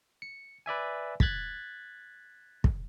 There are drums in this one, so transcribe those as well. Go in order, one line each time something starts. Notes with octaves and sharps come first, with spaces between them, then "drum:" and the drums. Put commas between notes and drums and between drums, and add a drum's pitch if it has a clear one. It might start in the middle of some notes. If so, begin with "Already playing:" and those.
C#7
B4 D5 E5 G#5
F#6 G#6 A6 B6, drum: kick
drum: kick